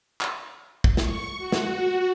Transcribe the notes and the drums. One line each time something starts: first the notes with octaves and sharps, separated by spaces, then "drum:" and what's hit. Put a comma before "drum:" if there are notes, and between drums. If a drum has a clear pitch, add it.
drum: clap
drum: kick
C#6, drum: snare
F#4
drum: snare